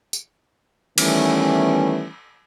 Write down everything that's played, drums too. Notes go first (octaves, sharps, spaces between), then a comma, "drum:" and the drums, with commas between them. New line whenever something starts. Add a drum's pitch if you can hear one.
drum: tambourine
D#3 E3 G3 A3 B3 C#4, drum: cymbal